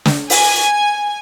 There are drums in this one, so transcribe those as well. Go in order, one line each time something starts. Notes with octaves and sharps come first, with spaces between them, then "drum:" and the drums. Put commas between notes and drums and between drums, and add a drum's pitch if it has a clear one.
drum: snare
G#5, drum: open hi-hat